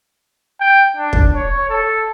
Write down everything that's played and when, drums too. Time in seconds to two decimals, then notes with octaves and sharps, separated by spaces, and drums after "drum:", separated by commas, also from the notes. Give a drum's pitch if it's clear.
0.60 G5
0.97 D4
1.13 drum: kick
1.35 C#5
1.69 A4